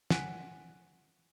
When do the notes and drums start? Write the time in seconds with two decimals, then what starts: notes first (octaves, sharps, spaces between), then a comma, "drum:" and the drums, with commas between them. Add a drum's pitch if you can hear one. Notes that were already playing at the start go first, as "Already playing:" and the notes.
0.10 F#5 G#5 F#6 B6 D7 D#7, drum: snare